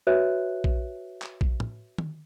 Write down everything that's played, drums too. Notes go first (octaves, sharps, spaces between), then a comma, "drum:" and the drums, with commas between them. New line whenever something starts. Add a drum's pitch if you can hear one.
F#4 B4 C#5 E5 F#6
drum: kick A#1
drum: clap
drum: kick A#1
drum: tom
drum: tom D#3